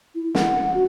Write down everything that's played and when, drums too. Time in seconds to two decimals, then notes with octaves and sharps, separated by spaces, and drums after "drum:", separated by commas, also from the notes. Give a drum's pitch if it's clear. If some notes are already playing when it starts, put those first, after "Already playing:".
0.15 E4
0.35 F#5, drum: snare
0.74 F#4